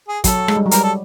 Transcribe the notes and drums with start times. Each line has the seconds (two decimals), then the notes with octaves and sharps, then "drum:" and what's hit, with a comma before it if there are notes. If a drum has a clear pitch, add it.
0.08 G#4
0.24 F#3 A4, drum: kick, hi-hat
0.48 G#3, drum: rim click
0.57 G3
0.66 F#3
0.71 G3 A#4, drum: hi-hat
0.83 A4